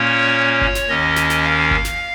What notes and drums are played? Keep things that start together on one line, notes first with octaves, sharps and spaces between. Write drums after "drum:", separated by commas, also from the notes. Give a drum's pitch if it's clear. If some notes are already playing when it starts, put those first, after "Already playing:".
Already playing: A#2 A#3 C#4 C#5
drum: kick G1
drum: snare
D#2 D#3 C#4 D#5
drum: snare
drum: snare
F5
drum: kick G1
drum: snare